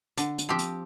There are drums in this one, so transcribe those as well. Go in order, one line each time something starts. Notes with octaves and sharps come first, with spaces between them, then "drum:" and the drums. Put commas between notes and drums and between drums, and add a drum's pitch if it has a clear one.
D3, drum: hi-hat
drum: hi-hat
F3 C4 G4
drum: hi-hat